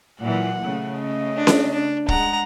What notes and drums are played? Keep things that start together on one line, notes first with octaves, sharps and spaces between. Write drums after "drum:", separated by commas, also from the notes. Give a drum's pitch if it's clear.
A#2 E3 F#3 F#5
C#3 A3
D#5
D4
drum: snare C#4
D4
G#3 F#5 A#5, drum: kick